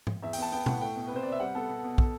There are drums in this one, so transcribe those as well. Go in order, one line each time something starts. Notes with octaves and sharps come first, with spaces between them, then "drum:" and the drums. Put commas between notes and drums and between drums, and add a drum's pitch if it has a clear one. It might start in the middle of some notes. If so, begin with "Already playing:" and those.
drum: tom G#2
E2 E5
G5, drum: open hi-hat
B3 A5
B3 G5
A2 F#5, drum: tom B2
A3 G5
B2
B4
C3 C5
C3 D5
E5
G3 F#5
B3 A4
B2
B2
A4, drum: kick